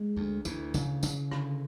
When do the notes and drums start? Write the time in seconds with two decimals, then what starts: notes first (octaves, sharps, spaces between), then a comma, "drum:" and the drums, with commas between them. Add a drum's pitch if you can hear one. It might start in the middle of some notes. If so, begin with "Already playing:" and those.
Already playing: G#3
0.16 D2
0.45 D2 E3, drum: tambourine
0.74 C#3, drum: tambourine
1.03 C#3, drum: tambourine
1.31 D3, drum: rim click